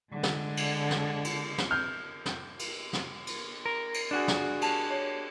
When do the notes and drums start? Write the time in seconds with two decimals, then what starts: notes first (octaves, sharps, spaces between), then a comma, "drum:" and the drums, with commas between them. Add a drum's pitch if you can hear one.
0.12 D3 G#3
0.23 drum: snare
0.57 drum: cymbal
0.91 drum: snare
1.24 drum: cymbal
1.58 drum: snare
1.71 F6 G6
2.26 drum: snare
2.59 drum: cymbal
2.93 drum: snare
3.27 drum: cymbal
3.66 A#4
3.94 drum: cymbal
4.11 D4 F#4 G#4
4.28 drum: snare
4.61 G4 A5, drum: cymbal
4.90 C#5